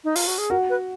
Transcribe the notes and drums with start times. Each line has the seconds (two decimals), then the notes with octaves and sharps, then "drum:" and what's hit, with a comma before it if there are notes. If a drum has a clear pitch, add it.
0.04 D#4
0.16 F4, drum: open hi-hat
0.28 F#4
0.38 G#4
0.50 F#4 A#4
0.70 B4